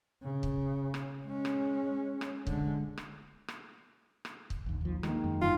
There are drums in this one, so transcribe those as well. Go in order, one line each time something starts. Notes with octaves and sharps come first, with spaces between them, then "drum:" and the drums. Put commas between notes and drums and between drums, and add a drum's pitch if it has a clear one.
C#3
drum: kick
drum: rim click
G#3 C#4
drum: rim click
drum: rim click
D3 G#3, drum: kick
drum: rim click
drum: rim click
drum: rim click
drum: kick
A#1 D#2
D#2 F3
D#3 G#3 A#3, drum: rim click
F#2
F1 G2 D#3 F4